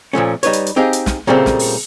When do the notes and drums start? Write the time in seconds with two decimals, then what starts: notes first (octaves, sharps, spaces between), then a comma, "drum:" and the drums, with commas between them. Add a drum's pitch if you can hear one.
0.13 A#2 F3 A3 C#4
0.43 G3 D#4 B4 C#5, drum: hi-hat
0.53 drum: hi-hat
0.66 drum: hi-hat
0.76 C4 D#4 G4 G#4 F5
0.93 drum: hi-hat
1.06 drum: snare
1.27 A#2 C#3 G3 A3 A#3 C4
1.46 drum: snare
1.59 drum: open hi-hat